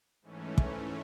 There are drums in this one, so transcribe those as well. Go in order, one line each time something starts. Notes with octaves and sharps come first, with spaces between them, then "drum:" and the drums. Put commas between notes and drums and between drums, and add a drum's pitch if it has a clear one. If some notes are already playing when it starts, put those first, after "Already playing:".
G#2 E3 A3 C#4
drum: kick